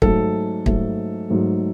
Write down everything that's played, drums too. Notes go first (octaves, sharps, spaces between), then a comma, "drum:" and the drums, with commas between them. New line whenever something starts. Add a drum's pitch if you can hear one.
G#2 F#3 A3 A4, drum: kick
G#2 F#3 A3, drum: kick
G#2 F#3 A3